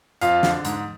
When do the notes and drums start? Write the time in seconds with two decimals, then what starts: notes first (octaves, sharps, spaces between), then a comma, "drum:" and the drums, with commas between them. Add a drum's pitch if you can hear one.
0.21 F2 F4 F5, drum: hi-hat
0.43 D3, drum: snare
0.65 G#2, drum: hi-hat